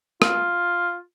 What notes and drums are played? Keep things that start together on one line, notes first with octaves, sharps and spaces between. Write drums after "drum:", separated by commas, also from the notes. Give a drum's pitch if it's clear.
F4, drum: rim click